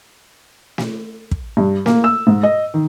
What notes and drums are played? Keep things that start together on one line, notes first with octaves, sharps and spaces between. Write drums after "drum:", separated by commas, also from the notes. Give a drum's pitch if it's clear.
drum: snare
drum: kick
G2
A#3, drum: snare
E6
G#2
D#5
D#3